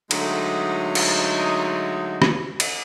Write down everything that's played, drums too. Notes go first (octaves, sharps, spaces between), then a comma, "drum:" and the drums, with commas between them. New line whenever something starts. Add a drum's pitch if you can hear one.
D3 F#3 G#3 A3 D#4, drum: cymbal
drum: cymbal
drum: rim click
drum: cymbal